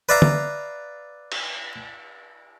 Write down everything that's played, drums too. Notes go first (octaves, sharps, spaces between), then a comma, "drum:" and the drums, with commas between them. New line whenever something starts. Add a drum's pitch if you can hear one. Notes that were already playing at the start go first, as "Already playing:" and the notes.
B4 D5 E5 F5 A#5
drum: tom
drum: cymbal